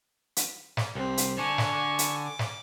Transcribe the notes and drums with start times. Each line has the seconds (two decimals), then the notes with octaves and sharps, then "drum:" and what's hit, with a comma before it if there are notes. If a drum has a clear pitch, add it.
0.36 drum: hi-hat
0.77 drum: snare
0.95 C2 C4
1.18 drum: hi-hat
1.38 D3 D4 G#5 C#6
1.58 drum: snare
1.99 drum: hi-hat
2.26 D6
2.39 drum: snare